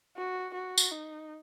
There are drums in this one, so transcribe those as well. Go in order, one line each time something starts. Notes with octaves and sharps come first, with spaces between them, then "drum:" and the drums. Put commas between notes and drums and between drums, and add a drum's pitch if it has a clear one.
F#4
F#4
drum: tambourine
D#4